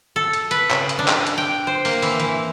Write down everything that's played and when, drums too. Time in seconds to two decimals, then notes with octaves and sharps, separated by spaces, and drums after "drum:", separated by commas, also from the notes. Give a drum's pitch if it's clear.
0.16 A4
0.33 drum: hi-hat
0.51 B4, drum: hi-hat
0.70 C#3, drum: clap
0.89 drum: hi-hat
0.99 D4
1.08 drum: clap
1.27 drum: hi-hat
1.38 G5
1.67 C5
1.85 A#3, drum: open hi-hat
2.02 E3, drum: open hi-hat
2.20 E3, drum: hi-hat